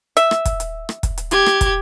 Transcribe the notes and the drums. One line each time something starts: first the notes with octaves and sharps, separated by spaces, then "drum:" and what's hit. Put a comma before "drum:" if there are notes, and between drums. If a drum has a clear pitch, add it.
E5, drum: hi-hat
drum: rim click
drum: kick, hi-hat
drum: hi-hat
drum: rim click
drum: kick, hi-hat
drum: hi-hat
G4 G#6, drum: hi-hat
drum: rim click
drum: kick, hi-hat